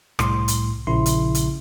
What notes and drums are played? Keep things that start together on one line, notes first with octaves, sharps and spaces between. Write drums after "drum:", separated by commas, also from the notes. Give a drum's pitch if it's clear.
C2 A2 C6, drum: rim click
drum: hi-hat
A#1 C#3 E4 C6
drum: hi-hat
drum: hi-hat